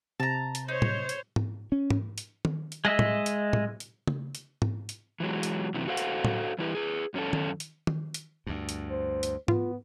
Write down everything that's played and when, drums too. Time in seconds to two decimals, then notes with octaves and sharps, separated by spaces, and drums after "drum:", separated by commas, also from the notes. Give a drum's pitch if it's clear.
0.20 C3 A5 A#5
0.55 drum: hi-hat
0.68 D#4 C5 C#5
0.82 drum: tom A2
1.09 drum: hi-hat
1.36 drum: tom G#2
1.72 C#4
1.90 drum: tom G#2
2.18 drum: hi-hat
2.45 drum: tom D#3
2.72 drum: hi-hat
2.85 G#3 D#5 E5
2.99 drum: tom A2
3.26 drum: hi-hat
3.53 drum: tom A2
3.80 drum: hi-hat
4.08 drum: tom C#3
4.35 drum: hi-hat
4.62 drum: tom G#2
4.89 drum: hi-hat
5.20 E3 F#3 G#3
5.43 drum: hi-hat
5.74 F#2 C3 E3
5.88 F#4 A4 C5 F5 F#5
5.97 drum: hi-hat
6.25 drum: tom A2
6.59 E3 G3 E4 G4 B4
6.75 G#4 B4
7.14 F#2 C#4 D4 A4
7.33 drum: tom D#3
7.60 drum: hi-hat
7.87 drum: tom D#3
8.14 drum: hi-hat
8.47 D2 G2
8.69 drum: hi-hat
8.91 C5
9.23 drum: hi-hat
9.48 B3 F4, drum: tom G#2